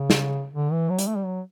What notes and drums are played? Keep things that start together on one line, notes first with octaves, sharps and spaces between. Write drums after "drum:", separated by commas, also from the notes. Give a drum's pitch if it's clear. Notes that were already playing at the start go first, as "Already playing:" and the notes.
Already playing: C#3
drum: snare
D3
E3
F#3
G3, drum: hi-hat
A3
G3
F#3